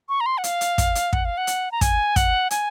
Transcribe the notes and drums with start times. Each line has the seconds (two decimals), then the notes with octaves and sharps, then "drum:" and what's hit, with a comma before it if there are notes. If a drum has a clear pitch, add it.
0.09 C#6
0.21 A#5
0.26 C6
0.38 F#5
0.44 F5, drum: hi-hat
0.61 drum: hi-hat
0.78 drum: kick, hi-hat
0.95 drum: hi-hat
1.13 F#5, drum: kick
1.25 F5
1.38 F#5
1.47 drum: hi-hat
1.72 A#5
1.81 G#5, drum: kick, hi-hat
2.16 F#5, drum: kick, hi-hat
2.51 G#5, drum: hi-hat